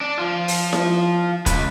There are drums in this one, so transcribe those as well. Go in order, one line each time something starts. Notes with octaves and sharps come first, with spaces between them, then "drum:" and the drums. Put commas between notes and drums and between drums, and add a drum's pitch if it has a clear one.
D4
F3 F4
drum: open hi-hat
drum: snare E4
C#2 B4, drum: kick, hi-hat